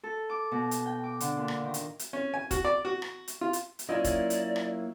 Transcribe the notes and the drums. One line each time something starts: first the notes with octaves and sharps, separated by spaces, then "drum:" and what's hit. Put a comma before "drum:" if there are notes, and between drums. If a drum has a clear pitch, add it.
A4
D6
B2
drum: hi-hat
G5
D6
D3, drum: hi-hat
A#2
drum: rim click
D#3
drum: hi-hat
drum: hi-hat
C#4
G#5
F#4, drum: kick, hi-hat
D5
F#4
drum: rim click
drum: hi-hat
F4
drum: hi-hat
drum: hi-hat
F#3 A#3 C#4 E4 F4 D5 D#5
drum: kick, hi-hat
drum: hi-hat
drum: rim click